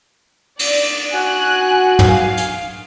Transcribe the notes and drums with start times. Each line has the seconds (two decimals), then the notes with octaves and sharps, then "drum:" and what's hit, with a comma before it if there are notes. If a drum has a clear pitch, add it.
0.59 D5, drum: cymbal
1.12 F#4 G#5 F#6
1.99 F5, drum: tom
2.37 drum: hi-hat